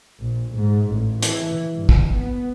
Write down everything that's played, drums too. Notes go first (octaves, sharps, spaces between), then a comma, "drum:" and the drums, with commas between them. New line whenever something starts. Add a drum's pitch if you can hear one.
A#1
G#2
A1
E3, drum: hi-hat
G2
drum: kick
B3